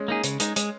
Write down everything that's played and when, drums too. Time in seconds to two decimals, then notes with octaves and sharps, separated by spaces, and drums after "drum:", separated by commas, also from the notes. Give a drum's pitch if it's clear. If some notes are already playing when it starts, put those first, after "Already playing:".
Already playing: G#3 C#4
0.08 A#3 D#4 G#4
0.24 C#3, drum: hi-hat
0.40 G#3 D#4, drum: hi-hat
0.56 G#3, drum: hi-hat